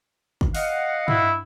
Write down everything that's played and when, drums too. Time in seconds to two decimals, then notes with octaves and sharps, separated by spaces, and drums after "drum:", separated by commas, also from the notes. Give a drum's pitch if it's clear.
0.41 drum: kick
0.55 D#5 F5 F#5, drum: open hi-hat
1.08 E4, drum: tom